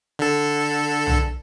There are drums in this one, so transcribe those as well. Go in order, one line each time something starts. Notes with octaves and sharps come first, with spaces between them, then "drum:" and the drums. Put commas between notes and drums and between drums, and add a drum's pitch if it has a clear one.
D3 A4
drum: tom